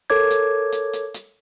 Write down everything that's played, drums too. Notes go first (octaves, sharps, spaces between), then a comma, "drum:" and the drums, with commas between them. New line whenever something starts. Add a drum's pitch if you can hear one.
A4 A#4 C#5 D6 G#6
drum: hi-hat
drum: hi-hat
drum: hi-hat
drum: hi-hat